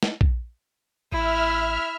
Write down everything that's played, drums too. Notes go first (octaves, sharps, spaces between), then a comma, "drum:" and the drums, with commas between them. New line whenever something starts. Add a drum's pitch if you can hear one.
drum: snare
drum: kick A#1
A1 E4 E5 F6